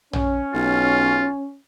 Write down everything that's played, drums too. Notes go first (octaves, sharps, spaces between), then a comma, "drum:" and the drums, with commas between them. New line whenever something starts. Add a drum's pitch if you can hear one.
C#4, drum: tom A#1
B1 F4